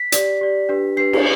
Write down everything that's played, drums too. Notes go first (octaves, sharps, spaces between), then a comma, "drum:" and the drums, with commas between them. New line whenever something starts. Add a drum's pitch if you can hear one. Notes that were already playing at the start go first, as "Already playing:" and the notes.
Already playing: B6
G4 D5, drum: hi-hat
G4 D5
D4 G4 B4
D4 G4 B4 C7
drum: cymbal